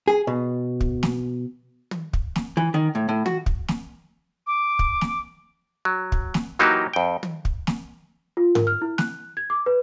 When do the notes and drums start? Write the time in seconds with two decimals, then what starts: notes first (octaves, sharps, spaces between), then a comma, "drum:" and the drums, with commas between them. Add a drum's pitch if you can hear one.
0.08 G#4
0.27 B2
0.81 drum: kick
1.03 drum: snare
1.91 drum: tom
2.13 drum: kick
2.36 drum: snare
2.57 E3
2.74 D#3
2.95 A2
3.09 A2
3.26 F#4, drum: tom
3.46 drum: kick
3.68 drum: snare
4.46 D6
4.79 drum: kick
5.01 drum: snare
5.85 F#3
6.12 drum: kick
6.34 drum: snare
6.59 E3 F#3 A#3 D#4 F#4 G4
6.93 F2 G5
7.23 drum: tom
7.45 drum: kick
7.67 drum: snare
8.37 F4
8.55 A#4, drum: tom G#2
8.67 F6
8.82 E4
8.98 F#6, drum: snare
9.37 G#6
9.50 D6
9.66 B4